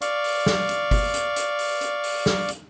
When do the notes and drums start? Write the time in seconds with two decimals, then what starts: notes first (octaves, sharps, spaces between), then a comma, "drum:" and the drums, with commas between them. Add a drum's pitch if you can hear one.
0.02 D5 F5 C#6, drum: hi-hat
0.24 drum: open hi-hat
0.46 drum: snare
0.69 drum: hi-hat
0.91 drum: kick G1, open hi-hat
1.14 drum: hi-hat
1.36 drum: hi-hat
1.59 drum: open hi-hat
1.81 drum: hi-hat
2.04 drum: open hi-hat
2.26 drum: snare
2.48 drum: hi-hat